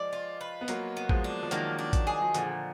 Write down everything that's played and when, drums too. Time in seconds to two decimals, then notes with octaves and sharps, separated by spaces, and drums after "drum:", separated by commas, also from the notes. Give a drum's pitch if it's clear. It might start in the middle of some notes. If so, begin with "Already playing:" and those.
Already playing: F3 G#3 D5
0.13 F4
0.41 B4
0.61 B3
0.68 F#3 A#3 F4, drum: hi-hat
0.97 B3
1.09 F3 G#3, drum: kick A1
1.24 D4
1.43 F3
1.51 D#3 F#3 A#3, drum: hi-hat
1.79 D4
1.93 drum: kick A1, hi-hat
2.07 G#4
2.22 F#3
2.34 A#2 D3 F3, drum: hi-hat